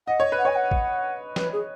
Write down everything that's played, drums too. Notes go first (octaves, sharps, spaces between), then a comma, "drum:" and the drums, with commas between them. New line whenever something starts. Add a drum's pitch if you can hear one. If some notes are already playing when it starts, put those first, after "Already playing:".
D#5 F#5
C#5
B4
F#5
C#5 G#5
F#5
drum: kick A1
B4, drum: snare
G#4